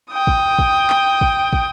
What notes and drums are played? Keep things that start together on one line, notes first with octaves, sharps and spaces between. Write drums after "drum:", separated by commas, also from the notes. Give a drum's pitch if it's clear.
G5 D#6
drum: kick
drum: kick
drum: clap
drum: kick
drum: kick